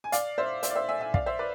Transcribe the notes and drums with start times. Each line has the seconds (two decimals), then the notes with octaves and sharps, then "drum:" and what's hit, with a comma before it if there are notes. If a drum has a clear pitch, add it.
0.04 G#5
0.12 D5 F5, drum: hi-hat
0.38 C5 E5
0.63 C5 E5, drum: hi-hat
0.70 D5
0.75 C5 E5
0.88 E5 G#5
1.01 E5 G#5
1.14 D5 F5, drum: kick
1.26 C5 E5
1.39 B4 D5